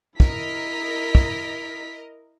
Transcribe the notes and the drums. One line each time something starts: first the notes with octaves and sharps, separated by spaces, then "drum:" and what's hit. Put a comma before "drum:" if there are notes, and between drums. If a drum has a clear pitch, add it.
E4 A#4 D#5 B6, drum: kick
drum: kick